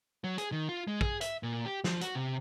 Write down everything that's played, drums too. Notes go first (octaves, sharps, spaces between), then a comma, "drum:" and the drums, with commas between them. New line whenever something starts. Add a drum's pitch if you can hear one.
F#3
G#4, drum: hi-hat
D#3
F4
G#3
G#4, drum: kick
E5, drum: hi-hat
A#2
G4
F3, drum: snare
F#4, drum: hi-hat
C3